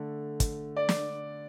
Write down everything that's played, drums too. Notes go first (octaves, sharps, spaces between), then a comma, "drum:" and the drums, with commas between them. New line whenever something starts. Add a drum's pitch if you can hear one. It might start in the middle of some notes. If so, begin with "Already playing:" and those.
Already playing: D3 A3
drum: kick, hi-hat
D5
drum: snare